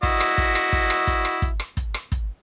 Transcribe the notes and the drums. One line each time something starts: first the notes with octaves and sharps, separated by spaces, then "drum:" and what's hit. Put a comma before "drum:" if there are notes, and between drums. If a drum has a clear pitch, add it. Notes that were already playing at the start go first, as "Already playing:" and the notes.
E4 F#4 D#5, drum: kick, hi-hat
drum: rim click
drum: kick, hi-hat
drum: rim click
drum: kick, hi-hat
drum: rim click
drum: kick, hi-hat
drum: rim click
drum: kick, hi-hat
drum: rim click
drum: kick, hi-hat
drum: rim click
drum: kick, hi-hat